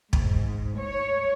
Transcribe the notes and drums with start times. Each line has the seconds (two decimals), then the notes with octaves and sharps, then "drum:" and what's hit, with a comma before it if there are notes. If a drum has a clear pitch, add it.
0.13 G#2, drum: kick
0.78 C#5